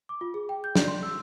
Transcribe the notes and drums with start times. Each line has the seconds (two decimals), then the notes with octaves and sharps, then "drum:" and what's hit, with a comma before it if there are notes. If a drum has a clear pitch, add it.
0.09 D6
0.21 F4
0.34 G#4
0.49 G5
0.64 G6
0.75 D5, drum: snare
0.88 C6
1.03 E6